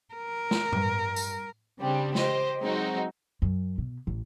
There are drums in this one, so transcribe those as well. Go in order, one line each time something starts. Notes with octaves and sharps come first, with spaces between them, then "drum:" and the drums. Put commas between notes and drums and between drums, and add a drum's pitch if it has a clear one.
A#4
drum: snare
G2, drum: tom A2
drum: tambourine
C#3 G3 C4 D4
G4 C5 D#5, drum: snare
F#3 G#3 C4 D#4 F#4
F#2
B2
A1